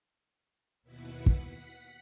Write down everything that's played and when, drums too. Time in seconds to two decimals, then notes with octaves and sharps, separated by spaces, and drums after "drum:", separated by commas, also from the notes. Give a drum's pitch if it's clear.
0.82 D#2 B2 E4 B4 F#5
1.26 F#5 B6, drum: kick